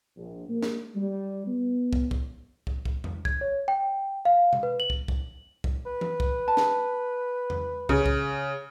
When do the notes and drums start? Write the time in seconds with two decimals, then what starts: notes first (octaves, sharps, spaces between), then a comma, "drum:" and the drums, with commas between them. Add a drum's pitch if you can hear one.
0.17 A#1
0.48 A#3
0.63 drum: snare
0.95 G3
1.47 B3
1.93 drum: kick
2.11 drum: kick
2.67 drum: kick
2.85 drum: kick
3.04 drum: tom E2
3.25 G#6, drum: kick
3.41 C#5
3.68 G5
4.25 F5
4.53 drum: tom B2
4.63 B4
4.80 F#7
4.90 drum: kick
5.08 drum: kick
5.64 drum: kick
5.86 B4
6.01 drum: tom E3
6.20 drum: kick
6.48 A5
6.57 drum: snare
7.50 drum: tom E2
7.89 C#3 G#4, drum: kick
8.06 drum: kick